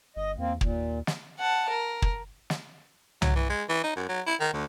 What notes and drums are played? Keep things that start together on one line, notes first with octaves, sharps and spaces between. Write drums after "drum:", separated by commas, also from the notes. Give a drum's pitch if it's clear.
G1 D#5
E2 A#3 C4
D#2 A#2, drum: kick
drum: snare
F#5 A5
A#4
drum: kick
drum: snare
F#3, drum: tom C2
E3
G#3
E3
D#4
F#2
F#3
E4
D#3
D2